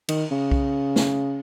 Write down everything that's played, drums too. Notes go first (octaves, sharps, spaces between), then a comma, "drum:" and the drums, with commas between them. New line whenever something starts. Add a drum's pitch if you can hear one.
D#3, drum: cymbal
C#3
drum: kick B1
drum: snare